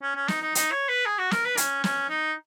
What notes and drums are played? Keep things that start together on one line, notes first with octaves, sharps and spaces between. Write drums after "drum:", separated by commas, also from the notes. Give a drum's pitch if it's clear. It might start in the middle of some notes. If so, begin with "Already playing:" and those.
C#4
C#4
D#4, drum: snare
D#4
D#4, drum: hi-hat
C#5
B4
G#4
F#4
A#4, drum: snare
B4
C#4, drum: hi-hat
C#4, drum: snare
D#4